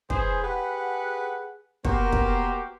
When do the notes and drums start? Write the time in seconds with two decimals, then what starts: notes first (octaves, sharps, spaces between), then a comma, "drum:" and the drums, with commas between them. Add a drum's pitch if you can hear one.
0.10 E3 G#4 C5, drum: kick
0.44 G4 G#4 B4 F#5
1.85 A#3 B3 F#4 G4 A#4 C5, drum: kick
2.13 drum: kick